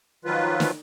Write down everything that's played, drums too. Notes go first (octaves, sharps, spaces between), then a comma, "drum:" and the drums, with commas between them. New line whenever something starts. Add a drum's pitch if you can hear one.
D#3 F3 F#3 F4 B4
drum: snare